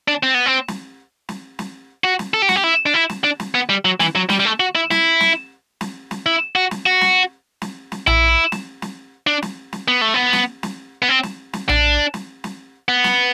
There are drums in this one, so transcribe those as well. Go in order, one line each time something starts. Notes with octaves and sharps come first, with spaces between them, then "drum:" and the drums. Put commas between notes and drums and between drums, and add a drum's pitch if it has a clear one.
D4
C4
B3
C4
drum: snare
drum: snare
drum: snare
F#4
drum: snare
A4
G4
F#4, drum: snare
G4
E4
D4
E4
drum: snare
D4
drum: snare
B3
G3
F#3
E3, drum: snare
F#3
G3, drum: snare
G3
A3
F#4
E4
E4, drum: snare
drum: snare
drum: snare
drum: snare
E4
F#4
drum: snare
F#4
drum: snare
drum: snare
drum: snare
E4, drum: tom A#1
drum: snare
drum: snare
D4
drum: snare
drum: snare
B3
A3
B3
drum: snare
drum: snare
B3
C4
drum: snare
drum: snare
D4, drum: tom A#1
drum: snare
drum: snare
B3
drum: snare